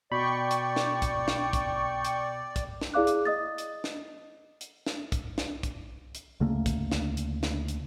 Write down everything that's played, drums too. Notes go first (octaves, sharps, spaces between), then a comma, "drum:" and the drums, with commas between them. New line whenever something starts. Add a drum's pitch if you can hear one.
B2 D5 G5 B5 C#6
drum: hi-hat
drum: snare
drum: kick, hi-hat
drum: snare
drum: kick, hi-hat
drum: hi-hat
drum: kick, hi-hat
drum: snare
E4 G#4 D5 F5 D6 F#6
drum: hi-hat
D#5 D#6 A6
drum: hi-hat
drum: snare
drum: hi-hat
drum: snare
drum: kick, hi-hat
drum: snare
drum: kick, hi-hat
drum: hi-hat
D2 C#3 A3 A#3
drum: kick, hi-hat
drum: snare
drum: hi-hat
drum: snare
drum: hi-hat